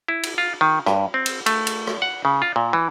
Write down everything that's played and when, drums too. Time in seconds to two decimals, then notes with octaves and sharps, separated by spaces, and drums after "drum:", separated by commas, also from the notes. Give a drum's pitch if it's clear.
0.08 E4
0.23 drum: cymbal
0.38 F4
0.61 D#3
0.86 G2, drum: rim click
1.14 C4
1.26 drum: cymbal
1.46 A3, drum: cymbal
1.67 drum: cymbal
1.87 drum: rim click
2.02 F#5
2.25 C#3
2.42 F4
2.56 A#2
2.73 E3